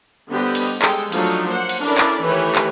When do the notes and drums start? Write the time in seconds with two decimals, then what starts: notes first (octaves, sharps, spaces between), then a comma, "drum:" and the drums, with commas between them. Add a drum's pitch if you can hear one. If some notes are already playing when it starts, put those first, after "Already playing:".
0.31 D3 G3 B3 G4 C5 D#5
0.55 drum: cymbal
0.82 G#3 A4 G5, drum: clap
1.12 F3 F#3 A3 D4 D#4 F4, drum: cymbal
1.48 A#3 C5 F#5
1.69 drum: cymbal
1.83 C#4 D4 E4 A4 A#4 D5
1.98 drum: clap
2.22 D#3 E3 A3 G4 B4 C#5
2.55 drum: clap